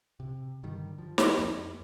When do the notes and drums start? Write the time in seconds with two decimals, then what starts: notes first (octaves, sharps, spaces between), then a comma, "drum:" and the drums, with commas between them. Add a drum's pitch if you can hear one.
0.20 C3
0.63 G2 D3 D#3 G3
0.98 F3
1.18 drum: snare
1.38 F2